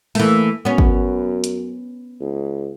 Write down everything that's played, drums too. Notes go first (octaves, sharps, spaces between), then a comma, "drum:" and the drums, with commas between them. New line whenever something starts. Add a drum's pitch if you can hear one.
E3 A3 A#3, drum: open hi-hat
F#2 B3 C#4
drum: kick G#1
drum: hi-hat
C#2